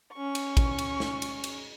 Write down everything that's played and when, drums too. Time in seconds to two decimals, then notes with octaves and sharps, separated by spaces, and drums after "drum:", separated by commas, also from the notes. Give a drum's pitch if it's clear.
0.13 C#4 C#6
0.35 drum: cymbal
0.57 drum: kick, cymbal
0.78 drum: cymbal
1.00 drum: snare
1.22 drum: cymbal
1.44 drum: cymbal